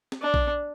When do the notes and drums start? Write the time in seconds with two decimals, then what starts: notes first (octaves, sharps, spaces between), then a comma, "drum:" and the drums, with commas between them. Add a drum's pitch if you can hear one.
0.12 drum: snare C4
0.22 D4
0.34 drum: kick A#1